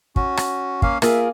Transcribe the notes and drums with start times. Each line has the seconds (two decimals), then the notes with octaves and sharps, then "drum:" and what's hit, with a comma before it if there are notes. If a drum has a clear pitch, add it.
0.16 C#4 F#4, drum: kick
0.37 drum: rim click
0.82 A#3 C#4 F5, drum: kick
1.02 A#3 F4 G#4 E5, drum: rim click